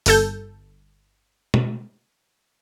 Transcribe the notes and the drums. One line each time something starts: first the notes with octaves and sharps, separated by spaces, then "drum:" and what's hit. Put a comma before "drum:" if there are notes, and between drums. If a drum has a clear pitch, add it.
G1 A4 G6, drum: open hi-hat
drum: tom